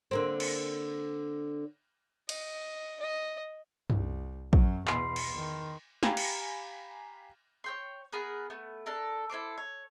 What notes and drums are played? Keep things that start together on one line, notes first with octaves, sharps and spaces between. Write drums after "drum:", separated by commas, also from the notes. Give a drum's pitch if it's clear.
D3 A#3 C4
drum: cymbal
D#5, drum: cymbal
D#5
C2, drum: tom F#2
F#2 F#3, drum: kick
E2 B2 B5 C6 C7, drum: clap
drum: cymbal
D#3
G4 F5 G#5 A#5 B5, drum: snare
drum: cymbal
C#5 G5 C6
B3 G#4 A#4 B4
A3 B3
D4 A4 A#4
E4 A4 C5 D6
C#5